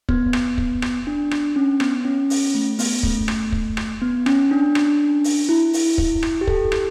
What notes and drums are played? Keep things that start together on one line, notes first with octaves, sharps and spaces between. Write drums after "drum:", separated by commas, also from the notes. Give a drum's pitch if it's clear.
B3, drum: kick
drum: rim click
drum: kick
drum: rim click
D4
drum: rim click
C#4
B3, drum: rim click
C#4
C#4, drum: open hi-hat
A3
B3, drum: open hi-hat
A3, drum: kick
drum: rim click
drum: kick
drum: rim click
B3
C#4, drum: rim click
D4
drum: rim click
drum: open hi-hat
E4
drum: open hi-hat
drum: kick
drum: rim click
G4
A4, drum: kick
drum: rim click